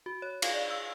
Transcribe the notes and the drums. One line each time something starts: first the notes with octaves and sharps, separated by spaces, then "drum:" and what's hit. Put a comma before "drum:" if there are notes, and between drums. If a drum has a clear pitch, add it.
F#4
C#5
F5, drum: cymbal
D5
E6